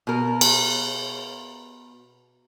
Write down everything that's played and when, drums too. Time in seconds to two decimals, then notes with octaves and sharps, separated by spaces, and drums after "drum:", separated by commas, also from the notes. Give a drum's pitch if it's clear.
0.07 B2 A#4
0.41 drum: cymbal